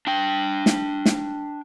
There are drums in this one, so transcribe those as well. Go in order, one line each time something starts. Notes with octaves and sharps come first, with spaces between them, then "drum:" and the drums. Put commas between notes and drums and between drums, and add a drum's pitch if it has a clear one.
D4 G5
drum: snare
drum: snare